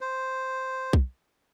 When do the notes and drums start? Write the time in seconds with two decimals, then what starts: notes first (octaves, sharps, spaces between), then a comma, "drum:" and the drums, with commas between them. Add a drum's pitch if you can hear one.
0.01 C5
0.93 drum: kick B1